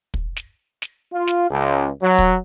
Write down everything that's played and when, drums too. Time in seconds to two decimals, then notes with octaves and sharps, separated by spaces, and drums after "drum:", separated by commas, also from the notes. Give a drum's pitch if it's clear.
0.14 drum: kick
0.36 drum: snare
0.82 drum: snare
1.12 F4
1.27 drum: snare
1.50 C#2
2.02 F#3
2.18 drum: kick